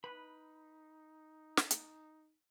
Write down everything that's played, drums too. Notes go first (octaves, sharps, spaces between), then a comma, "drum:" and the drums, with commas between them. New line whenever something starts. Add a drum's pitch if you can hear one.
D#4 B4 B5
drum: snare
drum: hi-hat